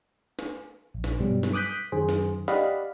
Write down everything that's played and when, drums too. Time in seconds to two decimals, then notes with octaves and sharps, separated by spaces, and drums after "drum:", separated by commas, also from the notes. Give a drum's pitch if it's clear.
0.39 drum: snare
0.94 A#1
1.04 drum: snare
1.20 G2 B2 F#3 G3
1.43 drum: snare
1.53 D6 D#6 F#6 G6 B6
1.92 F#2 D#3 G#4 C5
2.09 drum: snare
2.48 G4 D5 D#5 F5 F#5 B5, drum: snare